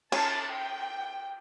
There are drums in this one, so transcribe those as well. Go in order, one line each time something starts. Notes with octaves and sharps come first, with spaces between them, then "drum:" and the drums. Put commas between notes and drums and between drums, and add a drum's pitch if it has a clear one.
C#4 A5, drum: cymbal
G5